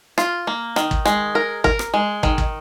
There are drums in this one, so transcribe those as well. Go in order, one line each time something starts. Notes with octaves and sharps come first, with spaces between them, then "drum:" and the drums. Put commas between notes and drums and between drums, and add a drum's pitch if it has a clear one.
F4, drum: rim click
A#3
D#3, drum: rim click
drum: kick
G#3, drum: rim click
A#4
A#4, drum: kick
drum: rim click
G#3
D#3, drum: kick
drum: kick